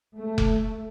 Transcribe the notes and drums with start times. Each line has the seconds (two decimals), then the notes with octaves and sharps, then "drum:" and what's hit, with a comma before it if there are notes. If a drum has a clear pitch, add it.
0.18 A3
0.38 drum: kick F1